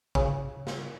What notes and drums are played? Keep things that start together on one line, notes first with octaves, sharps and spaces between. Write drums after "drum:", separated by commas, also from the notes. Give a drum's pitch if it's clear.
C#3, drum: kick
drum: snare